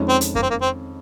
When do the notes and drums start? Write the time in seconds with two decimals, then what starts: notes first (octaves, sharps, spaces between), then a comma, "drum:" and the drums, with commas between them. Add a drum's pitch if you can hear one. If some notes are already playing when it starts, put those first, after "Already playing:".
Already playing: F2 D#3 G#3 C#4
0.09 C4
0.21 drum: hi-hat
0.35 A#3, drum: kick F#2
0.43 C4
0.50 A#3
0.61 C4